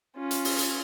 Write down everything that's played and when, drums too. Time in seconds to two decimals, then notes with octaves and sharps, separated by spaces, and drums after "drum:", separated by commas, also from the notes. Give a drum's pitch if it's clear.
0.17 C#4 F4
0.31 drum: hi-hat
0.45 drum: open hi-hat
0.59 drum: hi-hat